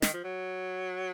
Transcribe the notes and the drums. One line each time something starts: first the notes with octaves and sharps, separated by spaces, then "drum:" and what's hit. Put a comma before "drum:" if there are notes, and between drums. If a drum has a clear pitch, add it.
D#3, drum: snare
F3
F#3